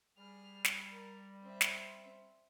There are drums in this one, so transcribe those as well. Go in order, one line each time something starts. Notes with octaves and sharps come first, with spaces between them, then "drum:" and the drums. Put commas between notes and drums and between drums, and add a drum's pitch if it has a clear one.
G3 G#4 F6
drum: snare
A#4
C4 E5
drum: snare